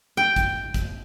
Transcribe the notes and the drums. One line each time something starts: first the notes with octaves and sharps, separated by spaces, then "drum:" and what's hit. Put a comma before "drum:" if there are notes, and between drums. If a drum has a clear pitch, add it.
G5
drum: kick, hi-hat
drum: kick, hi-hat